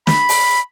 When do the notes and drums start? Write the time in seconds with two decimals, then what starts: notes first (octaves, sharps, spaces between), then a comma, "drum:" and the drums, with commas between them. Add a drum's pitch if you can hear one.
0.07 B5, drum: snare
0.29 drum: open hi-hat